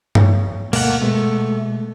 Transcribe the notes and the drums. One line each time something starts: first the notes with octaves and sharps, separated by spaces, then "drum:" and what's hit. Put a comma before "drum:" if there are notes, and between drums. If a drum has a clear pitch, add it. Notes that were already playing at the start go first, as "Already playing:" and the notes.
C#5, drum: tom G2
D2 B2 A3 A#3 F#5, drum: cymbal
B2 G#3 A3